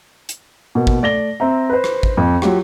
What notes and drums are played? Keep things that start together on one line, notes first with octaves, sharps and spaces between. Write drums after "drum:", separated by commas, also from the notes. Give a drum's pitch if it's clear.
drum: hi-hat
B2 A#3
drum: kick
A3 D5 A#6 G7
C4 E5 A#5
B4 C5
drum: rim click
drum: kick
F2
F#3 F4 G4, drum: rim click